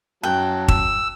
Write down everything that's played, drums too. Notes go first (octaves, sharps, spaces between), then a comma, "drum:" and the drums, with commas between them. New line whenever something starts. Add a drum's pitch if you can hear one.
F#2 F#3 G5 A5 F#6
E6, drum: kick